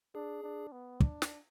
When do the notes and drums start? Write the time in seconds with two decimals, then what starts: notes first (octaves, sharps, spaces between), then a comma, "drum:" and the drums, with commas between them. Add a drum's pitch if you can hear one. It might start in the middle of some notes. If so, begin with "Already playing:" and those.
0.15 D4 G#4
0.43 D4
0.72 B3
1.00 D4, drum: kick
1.22 drum: snare